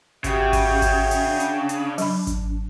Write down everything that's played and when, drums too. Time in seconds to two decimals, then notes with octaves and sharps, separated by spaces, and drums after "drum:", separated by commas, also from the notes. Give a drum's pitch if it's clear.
0.24 C#3 F#4 G4 E5 G5, drum: kick G#1, hi-hat
0.53 drum: kick G#1, open hi-hat
0.82 drum: kick G#1, open hi-hat
1.11 drum: open hi-hat
1.22 D4
1.40 drum: hi-hat
1.69 drum: hi-hat
1.98 F#3 B5, drum: open hi-hat
2.27 drum: kick G#1, hi-hat